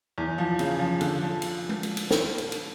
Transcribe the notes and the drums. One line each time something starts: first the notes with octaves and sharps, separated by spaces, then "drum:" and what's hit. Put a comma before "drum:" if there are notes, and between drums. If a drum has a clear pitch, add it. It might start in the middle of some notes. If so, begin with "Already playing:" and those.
E2
F3
C#3, drum: cymbal
F3
D3, drum: cymbal
F3
drum: cymbal
drum: tom G#3
drum: cymbal
drum: cymbal
drum: snare
drum: cymbal
drum: cymbal